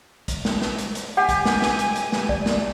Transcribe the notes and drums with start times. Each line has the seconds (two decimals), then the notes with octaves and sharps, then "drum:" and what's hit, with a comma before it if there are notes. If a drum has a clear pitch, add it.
0.28 drum: kick, hi-hat
0.45 drum: snare
0.62 drum: snare
0.78 drum: hi-hat
0.95 drum: hi-hat
1.17 G4 F#5 G#5
1.29 drum: kick, hi-hat
1.45 drum: snare
1.62 drum: snare
1.79 drum: hi-hat
1.96 drum: hi-hat
2.12 drum: snare
2.29 D5, drum: kick
2.46 drum: snare